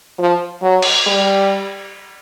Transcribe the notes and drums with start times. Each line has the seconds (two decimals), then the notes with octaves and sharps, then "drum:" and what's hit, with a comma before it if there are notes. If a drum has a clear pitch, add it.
0.19 F3
0.62 F#3
0.82 drum: cymbal
1.07 G3